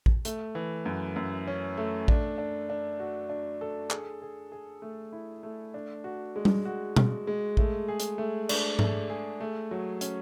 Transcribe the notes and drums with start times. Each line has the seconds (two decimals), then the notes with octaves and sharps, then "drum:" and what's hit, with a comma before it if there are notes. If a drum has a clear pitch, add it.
0.06 drum: kick
0.25 A3, drum: hi-hat
0.55 E3
0.86 F#2
1.16 F#2
1.47 C#4
1.77 A3
2.08 D4, drum: kick
2.38 D4
2.70 D4
3.00 F#4
3.30 D4
3.61 A4
3.90 G#4, drum: clap
4.22 G#4
4.52 G#4
4.82 A3
5.13 E4
5.43 A3
5.74 D4
6.04 F#4
6.36 G#3
6.45 drum: tom G3
6.65 F#4
6.96 G#3, drum: tom B2
7.27 G#3
7.57 A3, drum: kick
7.88 G#4
8.00 drum: hi-hat
8.18 A3
8.49 D4, drum: cymbal
8.79 A3, drum: tom G#2
9.10 G#4
9.41 A3
9.71 F#3
10.01 C#4, drum: hi-hat